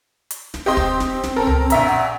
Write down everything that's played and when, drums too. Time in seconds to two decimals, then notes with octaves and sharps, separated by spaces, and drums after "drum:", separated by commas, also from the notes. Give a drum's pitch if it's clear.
0.31 drum: hi-hat
0.54 drum: snare
0.66 C4 G4 D#5 C6
0.77 drum: kick
1.00 drum: snare
1.24 drum: snare
1.36 A4 A#4
1.47 drum: tom C#2
1.70 A#1 E5 A#5, drum: hi-hat
1.86 F#5